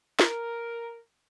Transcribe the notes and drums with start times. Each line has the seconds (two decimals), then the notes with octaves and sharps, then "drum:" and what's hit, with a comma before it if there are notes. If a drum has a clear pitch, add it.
0.19 A#4, drum: snare